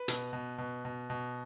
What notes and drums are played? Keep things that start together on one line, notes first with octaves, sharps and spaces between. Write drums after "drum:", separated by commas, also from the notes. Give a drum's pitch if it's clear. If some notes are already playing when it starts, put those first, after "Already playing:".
Already playing: B4
B2, drum: hi-hat
B2
B2
B2
B2